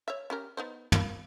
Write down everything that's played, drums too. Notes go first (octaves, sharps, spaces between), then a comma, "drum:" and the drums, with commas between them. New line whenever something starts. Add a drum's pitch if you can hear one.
C#5 E5
C#4 G4 A#4
B3 D#4 C5
F3 A#3 E4, drum: tom